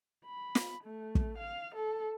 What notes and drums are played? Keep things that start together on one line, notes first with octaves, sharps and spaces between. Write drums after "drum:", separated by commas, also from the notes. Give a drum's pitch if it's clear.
B5
drum: snare
A3
drum: kick
F5
A4